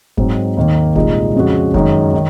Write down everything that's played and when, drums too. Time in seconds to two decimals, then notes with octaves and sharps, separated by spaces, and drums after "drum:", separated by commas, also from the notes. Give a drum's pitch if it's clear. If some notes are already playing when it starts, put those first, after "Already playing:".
0.17 G#2 F#3 C4 D#4, drum: kick F1
0.57 D#2 D#3 A#3
0.95 C2 A#2 G#3 D#4, drum: kick F1
1.35 F2 C#3 G#3 C#4 F#4
1.74 F#2 D#3 G#3 D#4, drum: kick F1
2.14 D#3